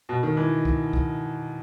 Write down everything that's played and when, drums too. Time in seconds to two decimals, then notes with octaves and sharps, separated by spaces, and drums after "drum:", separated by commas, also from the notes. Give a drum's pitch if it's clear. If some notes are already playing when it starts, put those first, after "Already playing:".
0.09 B2
0.23 D#3
0.37 E3
0.65 drum: kick C#2
0.93 drum: kick C#2